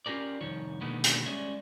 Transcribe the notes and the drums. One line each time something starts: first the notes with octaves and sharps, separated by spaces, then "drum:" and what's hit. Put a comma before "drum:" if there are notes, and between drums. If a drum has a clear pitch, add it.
C#4 F4 G4 A#4 D5
C2 F2 D#3 C#5
B2 D3 D#3 G#3 A#3 B3
drum: hi-hat
G3 G#3 C#4 C#5 D5 E5